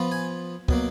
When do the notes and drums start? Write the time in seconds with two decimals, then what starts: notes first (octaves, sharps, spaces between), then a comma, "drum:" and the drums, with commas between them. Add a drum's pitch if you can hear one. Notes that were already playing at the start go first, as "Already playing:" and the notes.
Already playing: F3 B3 F4
0.12 G#5
0.68 B2 F#3 A#3, drum: kick